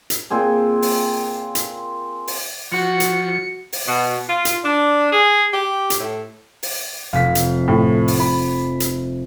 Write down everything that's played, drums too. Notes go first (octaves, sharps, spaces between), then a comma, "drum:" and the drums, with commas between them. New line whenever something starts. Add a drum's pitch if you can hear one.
drum: hi-hat
A#2 C4 G#4
drum: open hi-hat
drum: hi-hat
drum: open hi-hat
F3 F#4 C#7
drum: hi-hat
drum: open hi-hat
B2
F4
drum: hi-hat
D4
G#4
G4
drum: hi-hat
A2
drum: open hi-hat
F1 F5 B6
drum: hi-hat
A2
drum: open hi-hat
B5
drum: hi-hat